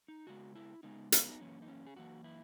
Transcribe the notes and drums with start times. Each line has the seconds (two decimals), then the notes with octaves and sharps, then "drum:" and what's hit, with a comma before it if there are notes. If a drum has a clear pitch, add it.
0.08 D#4
0.27 C#3 G#3 B3 F#4
0.56 E4
0.83 C#3 G#3 B3 D#4
1.12 B3, drum: hi-hat
1.28 D#4
1.40 F#2 E3 A#3 C#4
1.62 D#4
1.68 C#4
1.86 G#4
1.96 F#2 E3 A#3 F#4
2.24 E4